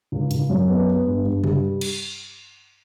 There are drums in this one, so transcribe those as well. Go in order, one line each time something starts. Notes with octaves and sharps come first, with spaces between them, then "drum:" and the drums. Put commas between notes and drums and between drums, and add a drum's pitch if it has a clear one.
C#2
C#2, drum: hi-hat
F#2
B3
B3
G2
G2
G3, drum: tom C3
drum: cymbal